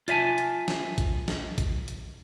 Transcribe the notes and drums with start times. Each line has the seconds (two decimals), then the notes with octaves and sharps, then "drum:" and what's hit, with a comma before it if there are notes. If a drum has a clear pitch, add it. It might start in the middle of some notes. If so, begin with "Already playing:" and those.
0.08 F4 D#5 E5 G#5 A5, drum: hi-hat
0.38 drum: hi-hat
0.68 drum: snare
0.98 drum: kick A1, hi-hat
1.28 drum: snare
1.58 drum: kick A1, hi-hat
1.88 drum: hi-hat